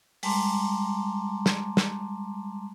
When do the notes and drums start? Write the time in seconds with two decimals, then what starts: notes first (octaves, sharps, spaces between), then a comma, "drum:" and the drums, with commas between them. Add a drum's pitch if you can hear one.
0.23 G3 G#3 A5 A#5 C6 D6, drum: open hi-hat
1.46 drum: snare
1.77 drum: snare